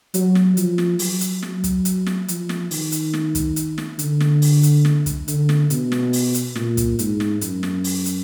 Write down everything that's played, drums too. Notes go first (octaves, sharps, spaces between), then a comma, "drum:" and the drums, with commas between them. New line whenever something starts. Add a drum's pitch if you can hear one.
F#3, drum: hi-hat
drum: snare
F3, drum: hi-hat
drum: snare
F#3, drum: open hi-hat
drum: hi-hat
F#3, drum: snare
drum: kick, hi-hat
drum: hi-hat
drum: snare
F3, drum: hi-hat
drum: snare
D#3, drum: open hi-hat
drum: hi-hat
drum: snare
drum: kick, hi-hat
drum: hi-hat
drum: snare
D3, drum: hi-hat
drum: snare
drum: open hi-hat
drum: hi-hat
drum: snare
drum: kick, hi-hat
D3, drum: hi-hat
drum: snare
B2, drum: hi-hat
drum: snare
drum: open hi-hat
drum: hi-hat
A#2, drum: snare
drum: kick, hi-hat
G#2, drum: hi-hat
drum: snare
F#2, drum: hi-hat
drum: snare
drum: open hi-hat
drum: hi-hat